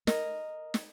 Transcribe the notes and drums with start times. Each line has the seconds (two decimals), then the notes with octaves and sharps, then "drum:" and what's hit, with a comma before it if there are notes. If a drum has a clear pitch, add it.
0.07 A#4 D#5, drum: snare
0.74 drum: snare